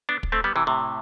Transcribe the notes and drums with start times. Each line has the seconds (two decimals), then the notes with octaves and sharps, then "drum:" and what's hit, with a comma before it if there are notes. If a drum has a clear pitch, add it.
0.09 B3 D4
0.23 drum: kick
0.32 A3 C4
0.44 G3 B3
0.56 C3 E3
0.67 A2 C3